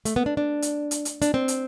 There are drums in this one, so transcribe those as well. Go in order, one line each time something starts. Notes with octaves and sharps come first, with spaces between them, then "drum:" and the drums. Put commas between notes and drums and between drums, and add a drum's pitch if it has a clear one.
A3, drum: hi-hat
B3
D4
D4
drum: hi-hat
drum: hi-hat
drum: hi-hat
D4, drum: hi-hat
C4
drum: hi-hat